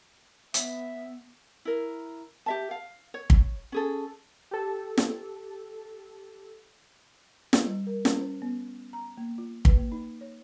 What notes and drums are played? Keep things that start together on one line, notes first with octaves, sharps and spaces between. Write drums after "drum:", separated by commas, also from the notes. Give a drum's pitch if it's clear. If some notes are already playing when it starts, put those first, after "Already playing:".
B3 E5, drum: hi-hat
E4 A#4
G4 E5 A5
F5
C#5
drum: kick
C#4 G#4 A4
G4 A4
drum: snare
drum: snare
G3
A#4
C#4, drum: snare
C5
B3
A#5
A#3
F4
B4, drum: kick
A#3
D#4
C#5